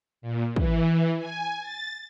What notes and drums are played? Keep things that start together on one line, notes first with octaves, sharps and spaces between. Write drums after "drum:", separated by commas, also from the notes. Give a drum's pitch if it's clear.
A#2
E3, drum: kick
G#5
A6